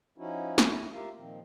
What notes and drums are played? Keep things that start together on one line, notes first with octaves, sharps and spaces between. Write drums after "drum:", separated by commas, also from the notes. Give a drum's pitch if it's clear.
F3 C#4 D#4 E4 F#4
drum: snare
D#2 E4
F4 G4 A#4 E5 F5
A#2 D#3 F3 C4